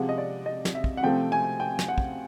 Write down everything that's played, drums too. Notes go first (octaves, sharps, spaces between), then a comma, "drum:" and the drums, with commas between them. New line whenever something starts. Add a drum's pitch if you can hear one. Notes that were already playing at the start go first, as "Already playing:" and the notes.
Already playing: C3 F3 G#3 F#5
D#5
D5
D#5
drum: snare
E5
drum: kick
F#5
C3 F3 A3 C4 G5
G#5
G5
drum: snare
F#5
drum: kick